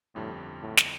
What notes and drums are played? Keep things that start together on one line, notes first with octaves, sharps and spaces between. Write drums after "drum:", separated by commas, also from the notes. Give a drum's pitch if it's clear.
G1 F2 A2 D3 G3
A2
drum: snare